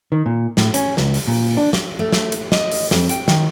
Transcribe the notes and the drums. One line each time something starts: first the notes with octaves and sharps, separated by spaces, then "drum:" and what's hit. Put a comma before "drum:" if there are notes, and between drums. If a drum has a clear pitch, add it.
D#3
A#2
A2, drum: snare
C#4, drum: hi-hat
C#2, drum: snare
drum: open hi-hat
A#2
D4
drum: snare
A3
drum: snare
drum: hi-hat
D#5, drum: snare
drum: open hi-hat
F2, drum: snare
G5, drum: hi-hat
D#3, drum: snare